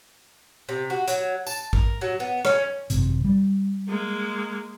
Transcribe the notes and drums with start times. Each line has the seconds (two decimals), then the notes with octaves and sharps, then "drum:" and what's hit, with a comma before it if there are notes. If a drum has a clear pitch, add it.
0.69 C3
0.90 F#4
1.08 F#3, drum: hi-hat
1.47 A5, drum: tambourine
1.73 A#4, drum: kick
2.01 F#3
2.20 B3
2.45 C#4, drum: rim click
2.90 G#1 F#2 C3, drum: hi-hat
3.24 G3
3.88 G#3 A#3